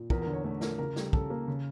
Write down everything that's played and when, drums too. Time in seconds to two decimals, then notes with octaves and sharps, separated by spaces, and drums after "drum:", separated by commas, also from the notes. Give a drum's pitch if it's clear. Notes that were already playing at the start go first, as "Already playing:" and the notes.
Already playing: A#2
0.10 E2 A#4, drum: kick
0.22 A#4
0.27 D3
0.33 C#5
0.44 A3 C#5
0.61 F3 A#4, drum: snare
0.79 C#3 A#4
0.96 G3, drum: snare
1.13 C#3 A4, drum: kick
1.30 A#3
1.48 C#3